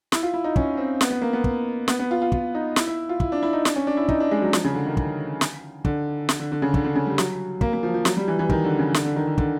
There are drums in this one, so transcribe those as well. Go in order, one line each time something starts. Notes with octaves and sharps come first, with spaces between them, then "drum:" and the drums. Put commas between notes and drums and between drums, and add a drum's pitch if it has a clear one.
E4, drum: snare
F4
E4
D#4
C#4, drum: kick
C4
B3, drum: snare
B3
A#3
B3
drum: kick
B3, drum: snare
B3
F4
F4
F4, drum: kick
D#4
E4, drum: snare
E4
F4
E4, drum: kick
D4
E4
D#4
D4, drum: snare
C#4
D4
E4
D#4, drum: kick
D4
G#3
F#3
F3, drum: snare
C#3
D3
D#3
drum: kick
drum: snare
D3, drum: kick
D3, drum: snare
D3
D3
C#3
D3, drum: kick
D3
C#3
G3
F#3, drum: snare
A#3, drum: kick
A#3
F3
F3
F#3, drum: snare
G3
E3
E3
D#3, drum: kick
D3
C#3
D3, drum: snare
D3
D#3
D3
D3, drum: kick